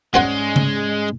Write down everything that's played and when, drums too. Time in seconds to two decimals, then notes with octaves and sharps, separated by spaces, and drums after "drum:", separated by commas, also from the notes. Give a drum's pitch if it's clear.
0.14 G#2 G#3 C#4 F#4 C5 D5 F#5
0.56 drum: tom